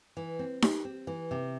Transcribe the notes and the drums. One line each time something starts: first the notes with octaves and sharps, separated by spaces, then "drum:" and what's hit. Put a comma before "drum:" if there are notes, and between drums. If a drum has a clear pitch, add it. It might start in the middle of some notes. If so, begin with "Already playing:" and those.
E3
C4
G4, drum: snare D#4
C4
E3
C3